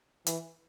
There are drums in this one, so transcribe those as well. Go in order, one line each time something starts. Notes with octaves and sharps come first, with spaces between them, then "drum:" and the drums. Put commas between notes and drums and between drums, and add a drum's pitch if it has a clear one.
E3, drum: hi-hat